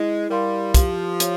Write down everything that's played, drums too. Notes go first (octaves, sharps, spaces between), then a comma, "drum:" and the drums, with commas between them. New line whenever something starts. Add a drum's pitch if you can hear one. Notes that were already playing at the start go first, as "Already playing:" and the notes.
Already playing: G#3 E4
G3 A#4 F5 C6
F3 G4, drum: kick, hi-hat
C#5 F5, drum: hi-hat